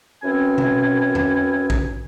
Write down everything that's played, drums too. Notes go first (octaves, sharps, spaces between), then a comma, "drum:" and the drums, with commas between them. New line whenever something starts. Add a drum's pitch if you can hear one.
F#2 E3 C4 C#4 G#5
drum: tom B2
drum: tom E2
drum: kick A1